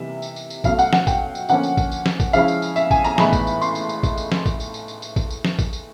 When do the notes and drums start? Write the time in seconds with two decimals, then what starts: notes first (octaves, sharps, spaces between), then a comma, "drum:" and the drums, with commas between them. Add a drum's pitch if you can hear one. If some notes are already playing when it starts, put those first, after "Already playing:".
Already playing: C3 E3 G3 A#3 D#4 E5
0.22 drum: tambourine
0.36 drum: tambourine
0.50 drum: tambourine
0.64 B2 F#3 A3 F5, drum: kick, tambourine
0.79 F#5, drum: tambourine
0.93 F#5, drum: snare
1.07 G5, drum: kick, tambourine
1.35 drum: tambourine
1.49 D3 F3 A#3 C#4 F#5, drum: tambourine
1.63 drum: tambourine
1.77 drum: kick, tambourine
1.92 drum: tambourine
2.06 drum: snare
2.20 drum: kick, tambourine
2.33 C#3 F3 G#3 C#4 E4 F5, drum: tambourine
2.48 drum: tambourine
2.62 drum: tambourine
2.76 E5, drum: tambourine
2.91 G#5, drum: kick, tambourine
3.04 A#5, drum: tambourine
3.18 A2 E3 G#3 B3 D#4 B5, drum: snare
3.33 drum: kick, tambourine
3.47 drum: tambourine
3.61 C6, drum: tambourine
3.75 drum: tambourine
3.89 drum: tambourine
4.03 drum: kick, tambourine
4.17 drum: tambourine
4.32 drum: snare
4.46 drum: kick, tambourine
4.60 drum: tambourine
4.74 drum: tambourine
4.88 drum: tambourine
5.02 drum: tambourine
5.16 drum: kick, tambourine
5.30 drum: tambourine
5.45 drum: snare
5.59 drum: kick, tambourine
5.73 drum: tambourine